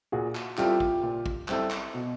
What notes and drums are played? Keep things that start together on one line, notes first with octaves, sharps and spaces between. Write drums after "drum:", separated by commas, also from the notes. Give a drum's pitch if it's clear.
A#2 F#4 G#4
drum: clap
G3 C4 E4 F4 G4 A4, drum: clap
drum: kick
A#2
drum: kick
G3 C4 E4 A4, drum: clap
drum: clap
B2